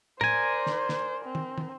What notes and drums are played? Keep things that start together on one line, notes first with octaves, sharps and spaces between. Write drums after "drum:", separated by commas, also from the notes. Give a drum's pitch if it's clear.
A#4 C5 D5 G#5, drum: tom
drum: snare
drum: snare
C4
drum: tom
drum: tom